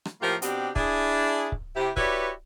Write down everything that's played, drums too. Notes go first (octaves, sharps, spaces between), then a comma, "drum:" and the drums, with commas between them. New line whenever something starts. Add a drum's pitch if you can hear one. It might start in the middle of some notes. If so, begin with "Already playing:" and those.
drum: rim click
A2 F3 A#3 F4 G4 A#4
B2 C4 D4 G4, drum: hi-hat
D4 E4 G#4, drum: kick C#1
drum: kick C#1
C3 E4 G4
E4 F#4 G4 B4 C#5 D5, drum: kick C#1